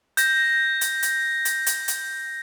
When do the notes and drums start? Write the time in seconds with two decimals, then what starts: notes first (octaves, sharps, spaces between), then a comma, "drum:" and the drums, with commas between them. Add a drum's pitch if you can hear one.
0.17 G6 A#6, drum: hi-hat
0.81 drum: hi-hat
1.03 drum: hi-hat
1.45 drum: hi-hat
1.66 drum: hi-hat
1.88 drum: hi-hat